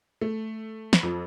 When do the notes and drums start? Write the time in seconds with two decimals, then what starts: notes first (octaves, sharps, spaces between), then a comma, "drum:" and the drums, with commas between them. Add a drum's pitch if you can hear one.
0.21 A3
0.93 drum: snare
1.03 F2